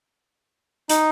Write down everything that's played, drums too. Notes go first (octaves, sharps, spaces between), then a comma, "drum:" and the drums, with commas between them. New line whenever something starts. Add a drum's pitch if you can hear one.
D#4, drum: hi-hat